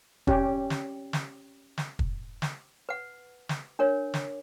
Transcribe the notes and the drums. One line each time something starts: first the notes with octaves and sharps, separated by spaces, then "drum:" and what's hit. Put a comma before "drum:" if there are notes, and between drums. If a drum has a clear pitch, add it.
C#4 G4, drum: kick
drum: snare
drum: snare
drum: snare
drum: kick
drum: snare
B4 F#5
drum: snare
D4 A#4 C#5
drum: snare